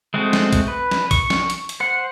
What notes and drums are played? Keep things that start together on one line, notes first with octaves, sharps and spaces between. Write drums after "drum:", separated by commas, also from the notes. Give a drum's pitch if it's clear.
G#3 A3 C4 F#4
drum: snare
drum: kick, hi-hat
B4
drum: snare
C#6, drum: kick, hi-hat
drum: snare
drum: hi-hat
drum: hi-hat
C5 F#5